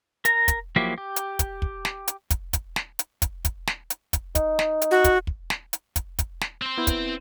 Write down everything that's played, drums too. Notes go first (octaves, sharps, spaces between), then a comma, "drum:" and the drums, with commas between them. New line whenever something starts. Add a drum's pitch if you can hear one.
A#4 A#5, drum: hi-hat
drum: kick, hi-hat
F3 F#3 A#3 E4 G4
G4
drum: hi-hat
drum: kick, hi-hat
drum: kick
drum: snare
drum: hi-hat
drum: kick, hi-hat
drum: kick, hi-hat
drum: snare
drum: hi-hat
drum: kick, hi-hat
drum: kick, hi-hat
drum: snare
drum: hi-hat
drum: kick, hi-hat
D#4, drum: kick, hi-hat
drum: snare
drum: hi-hat
F#4
drum: kick, hi-hat
drum: kick
drum: snare
drum: hi-hat
drum: kick, hi-hat
drum: kick, hi-hat
drum: snare
C4 C5
B3 E4
drum: kick, hi-hat